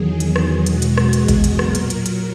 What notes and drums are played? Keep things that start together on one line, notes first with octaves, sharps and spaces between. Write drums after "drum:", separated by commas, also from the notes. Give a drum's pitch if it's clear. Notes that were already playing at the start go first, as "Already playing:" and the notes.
Already playing: E2 D#3 F#3 G#4
G#4, drum: hi-hat
drum: rim click
E2 B2 G#3 F#4, drum: hi-hat
drum: hi-hat
drum: rim click
G#4, drum: hi-hat
drum: kick A1, hi-hat
drum: hi-hat
A#2 F#3 A#4, drum: rim click
drum: hi-hat
drum: hi-hat
drum: hi-hat